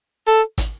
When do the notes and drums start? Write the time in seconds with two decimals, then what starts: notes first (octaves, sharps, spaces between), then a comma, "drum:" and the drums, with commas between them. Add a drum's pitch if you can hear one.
0.27 A4
0.58 drum: kick, hi-hat